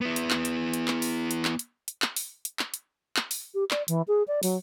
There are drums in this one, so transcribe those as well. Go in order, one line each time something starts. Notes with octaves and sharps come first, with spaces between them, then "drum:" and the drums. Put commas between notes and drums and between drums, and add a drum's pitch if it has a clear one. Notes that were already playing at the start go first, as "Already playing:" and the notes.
B3 E4
drum: hi-hat
drum: clap
drum: hi-hat
drum: hi-hat
drum: clap
drum: open hi-hat
drum: hi-hat
drum: clap
drum: hi-hat
drum: hi-hat
drum: clap
drum: open hi-hat
drum: hi-hat
drum: clap
drum: hi-hat
drum: clap
drum: open hi-hat
G4
D5, drum: clap
E3, drum: hi-hat
G#4
D5
F#3, drum: open hi-hat